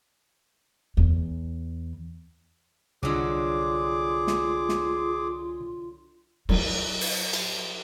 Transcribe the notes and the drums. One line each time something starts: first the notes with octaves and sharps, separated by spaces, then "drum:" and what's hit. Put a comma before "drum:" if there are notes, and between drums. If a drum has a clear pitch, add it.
E2
C2 D3 F#3 F4 G#4 D6
drum: snare
drum: snare
F#3, drum: cymbal
drum: open hi-hat
drum: cymbal